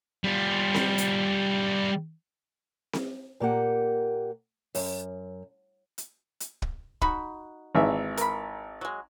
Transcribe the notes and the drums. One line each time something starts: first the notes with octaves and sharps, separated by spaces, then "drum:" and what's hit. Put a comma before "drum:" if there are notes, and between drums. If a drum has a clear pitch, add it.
G3 F4
drum: snare C4
drum: hi-hat
drum: snare C4
A#2 A#3 G4 F#5
F#2, drum: open hi-hat
drum: hi-hat
drum: hi-hat
drum: kick
D#4 F#4 B5, drum: kick
G#1 E3 E5
A#4 B5, drum: hi-hat
F#3 G#3